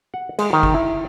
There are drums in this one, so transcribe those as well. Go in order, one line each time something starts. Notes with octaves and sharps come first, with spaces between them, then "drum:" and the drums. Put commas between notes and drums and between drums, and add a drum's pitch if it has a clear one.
F#5
G#3, drum: cymbal
D#3
drum: kick
E4